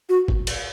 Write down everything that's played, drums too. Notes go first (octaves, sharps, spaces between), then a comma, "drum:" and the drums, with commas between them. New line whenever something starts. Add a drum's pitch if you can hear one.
F#4
drum: kick G1
drum: cymbal